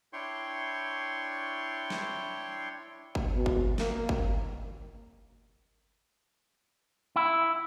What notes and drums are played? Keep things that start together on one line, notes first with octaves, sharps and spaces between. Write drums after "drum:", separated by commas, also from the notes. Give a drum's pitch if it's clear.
D4 E4 C#5 G5 C6 C#6
drum: snare
drum: kick G1
B2
drum: kick G1
A#3, drum: snare
drum: kick G1
E4